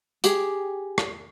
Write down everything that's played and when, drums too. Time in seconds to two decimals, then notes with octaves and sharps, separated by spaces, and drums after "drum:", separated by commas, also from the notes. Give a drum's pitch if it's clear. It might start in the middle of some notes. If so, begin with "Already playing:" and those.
0.24 G4 G#4, drum: hi-hat
0.98 drum: rim click